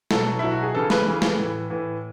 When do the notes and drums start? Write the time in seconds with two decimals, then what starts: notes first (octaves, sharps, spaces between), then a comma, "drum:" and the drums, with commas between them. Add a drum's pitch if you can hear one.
0.11 B2 F#3 A4, drum: snare
0.39 B2 F#3 E4
0.51 F#4
0.63 G#4
0.74 C#3 E3 A4
0.90 B4, drum: snare
1.06 C#3 E3
1.22 drum: snare
1.38 A2 E3
1.70 A2 E3